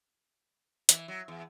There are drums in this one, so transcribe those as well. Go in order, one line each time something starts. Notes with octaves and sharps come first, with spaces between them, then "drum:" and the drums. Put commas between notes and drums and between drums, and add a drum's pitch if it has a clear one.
E3, drum: hi-hat
F#3
E2